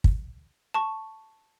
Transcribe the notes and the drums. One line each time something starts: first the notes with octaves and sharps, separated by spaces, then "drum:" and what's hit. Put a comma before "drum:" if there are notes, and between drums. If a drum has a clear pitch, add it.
drum: kick
A5 C#6